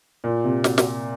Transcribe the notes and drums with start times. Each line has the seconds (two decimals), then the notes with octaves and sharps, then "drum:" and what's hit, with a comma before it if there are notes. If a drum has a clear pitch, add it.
0.24 A#2
0.44 C3
0.64 drum: snare
0.78 drum: snare